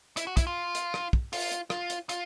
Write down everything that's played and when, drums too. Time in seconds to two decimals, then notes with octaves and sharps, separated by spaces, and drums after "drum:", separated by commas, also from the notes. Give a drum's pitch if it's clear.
0.17 E4, drum: hi-hat
0.27 F#4
0.37 E4, drum: kick, hi-hat
0.47 F4
0.75 drum: hi-hat
0.94 drum: rim click
1.13 drum: kick
1.33 F4, drum: open hi-hat
1.52 drum: hi-hat
1.70 F4, drum: rim click
1.90 drum: hi-hat
2.09 F4, drum: hi-hat